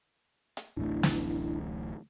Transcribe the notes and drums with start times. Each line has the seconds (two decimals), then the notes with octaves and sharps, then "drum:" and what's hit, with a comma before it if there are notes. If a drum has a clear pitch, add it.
0.57 drum: hi-hat
0.77 D1 A1 A3 D4 E4
1.03 drum: snare